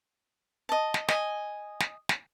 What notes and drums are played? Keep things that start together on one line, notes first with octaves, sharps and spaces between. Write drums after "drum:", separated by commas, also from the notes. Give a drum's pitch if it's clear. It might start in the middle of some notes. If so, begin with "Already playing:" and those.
D#5 A5
drum: snare
D#5 G#5, drum: snare
drum: snare
drum: snare